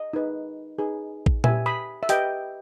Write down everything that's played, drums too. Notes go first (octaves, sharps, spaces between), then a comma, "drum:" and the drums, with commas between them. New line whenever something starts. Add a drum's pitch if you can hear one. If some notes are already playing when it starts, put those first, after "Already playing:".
Already playing: D#5
D#4 G#4 B4
D#4 G#4 B4
drum: kick A1
G4 B4 E5 G#5, drum: tom A#2
B5 D#6
E5
G4 B4 D#5 G5, drum: hi-hat